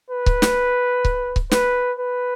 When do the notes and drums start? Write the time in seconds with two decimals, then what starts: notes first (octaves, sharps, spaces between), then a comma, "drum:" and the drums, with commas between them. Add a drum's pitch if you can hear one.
0.10 B4
0.26 drum: kick C#1
0.42 drum: snare
1.05 drum: kick C#1
1.36 drum: kick C#1
1.51 B4, drum: snare
1.99 B4